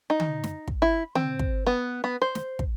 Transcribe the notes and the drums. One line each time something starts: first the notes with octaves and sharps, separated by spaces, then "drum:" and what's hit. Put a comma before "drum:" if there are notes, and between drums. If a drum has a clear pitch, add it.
D#4
drum: tom D3
drum: snare
drum: kick
E4
C4, drum: tom D3
drum: kick
B3
B3
C5
drum: snare
drum: kick